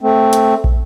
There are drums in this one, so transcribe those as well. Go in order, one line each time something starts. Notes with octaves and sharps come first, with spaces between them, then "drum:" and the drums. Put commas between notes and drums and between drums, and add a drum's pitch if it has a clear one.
A3 C4
drum: hi-hat
drum: kick